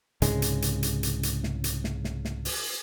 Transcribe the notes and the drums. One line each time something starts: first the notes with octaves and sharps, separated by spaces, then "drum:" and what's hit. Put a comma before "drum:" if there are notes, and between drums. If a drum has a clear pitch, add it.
C2 G#2 C#3 G#3, drum: hi-hat
drum: hi-hat
drum: hi-hat
drum: hi-hat
drum: hi-hat
drum: hi-hat
drum: snare
drum: hi-hat
drum: snare
drum: snare
drum: snare
drum: open hi-hat